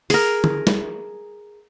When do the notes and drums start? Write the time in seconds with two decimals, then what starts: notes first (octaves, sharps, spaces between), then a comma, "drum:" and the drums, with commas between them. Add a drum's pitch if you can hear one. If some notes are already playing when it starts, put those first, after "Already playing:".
0.10 G#4 A#4, drum: open hi-hat
0.44 drum: tom
0.67 drum: snare